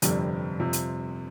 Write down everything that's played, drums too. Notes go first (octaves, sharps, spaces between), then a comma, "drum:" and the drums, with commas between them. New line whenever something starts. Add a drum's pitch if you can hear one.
G1 F2 C3 G3, drum: hi-hat
F2 C3 F3
drum: hi-hat